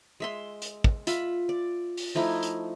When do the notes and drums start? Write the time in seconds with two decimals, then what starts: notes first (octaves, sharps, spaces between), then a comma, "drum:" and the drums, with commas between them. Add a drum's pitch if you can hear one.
0.20 G#3 E5 C6
0.62 drum: hi-hat
0.84 drum: kick
1.07 F4 E5 B5, drum: hi-hat
1.49 D5
1.97 drum: open hi-hat
2.15 F3 A3 D#4 E4
2.43 drum: hi-hat